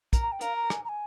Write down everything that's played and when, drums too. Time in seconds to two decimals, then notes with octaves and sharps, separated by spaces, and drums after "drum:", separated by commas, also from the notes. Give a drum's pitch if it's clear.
0.13 A#4, drum: kick, hi-hat
0.22 A#5
0.32 G5
0.41 A#4 F5, drum: hi-hat
0.56 A#5
0.70 G#5, drum: rim click
0.85 A#5
0.89 G#5